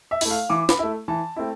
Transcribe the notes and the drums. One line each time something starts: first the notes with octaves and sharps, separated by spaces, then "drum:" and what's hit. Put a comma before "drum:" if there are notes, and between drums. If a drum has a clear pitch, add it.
E5
A3 E4, drum: open hi-hat
F5
E3 D6
B5, drum: snare
A3 E4
E3 A5
A3 C4 E4